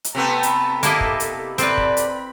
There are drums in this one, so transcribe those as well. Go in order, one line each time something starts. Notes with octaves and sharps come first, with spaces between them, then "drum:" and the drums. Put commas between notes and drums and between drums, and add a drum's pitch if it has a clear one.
drum: hi-hat
C3 A3 B3 A5 A#5
drum: hi-hat
A#3 E4 G4 A4 B4 D#5 A5, drum: hi-hat
drum: kick
drum: hi-hat
C3 C4 A4 B4 D5 B5, drum: hi-hat
drum: kick
drum: hi-hat